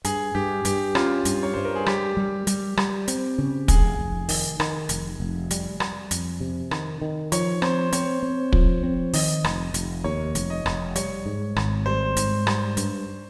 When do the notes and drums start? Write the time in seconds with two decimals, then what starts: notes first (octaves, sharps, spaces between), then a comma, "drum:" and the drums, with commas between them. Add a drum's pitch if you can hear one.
0.05 G2 G#4, drum: hi-hat
0.35 G2 G4
0.65 G2 G4, drum: hi-hat
0.95 C#4 F4, drum: rim click
1.25 G2, drum: hi-hat
1.43 C#5
1.54 G2 C5
1.65 A#4
1.76 G#4
1.86 G3 G4, drum: rim click
2.17 G3
2.47 G3, drum: hi-hat
2.77 G3, drum: rim click
3.08 C4, drum: hi-hat
3.38 C#3
3.68 F1 G#4, drum: kick, hi-hat
3.99 F1
4.29 D#3, drum: open hi-hat
4.60 D#3, drum: rim click
4.89 F1, drum: hi-hat
5.20 F1
5.51 G3, drum: hi-hat
5.80 G3, drum: rim click
6.11 F2, drum: hi-hat
6.41 C3
6.71 D#3, drum: rim click
7.01 D#3
7.32 F3 C#5, drum: hi-hat
7.62 C4 C5, drum: rim click
7.92 C4 C#5, drum: hi-hat
8.23 C4
8.53 F3, drum: kick
8.83 C4
9.13 D#3 D#5, drum: open hi-hat
9.44 F1, drum: rim click
9.74 F1, drum: hi-hat
10.04 D#2 C#5
10.35 F1, drum: hi-hat
10.50 D#5
10.66 F1, drum: rim click
10.96 G3 C#5, drum: hi-hat
11.26 G#2
11.56 G#1, drum: rim click
11.86 G3 C5
12.17 G#2, drum: hi-hat
12.47 G3, drum: rim click
12.77 G2, drum: hi-hat